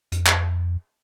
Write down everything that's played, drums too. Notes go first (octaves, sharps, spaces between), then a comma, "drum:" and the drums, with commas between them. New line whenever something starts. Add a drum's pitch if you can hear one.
F2, drum: hi-hat
drum: clap